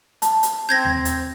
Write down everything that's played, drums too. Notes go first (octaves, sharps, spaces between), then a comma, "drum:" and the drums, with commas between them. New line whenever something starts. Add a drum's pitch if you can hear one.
A5, drum: hi-hat
drum: hi-hat
C4 G6 G#6 A#6
drum: tom D#2
drum: hi-hat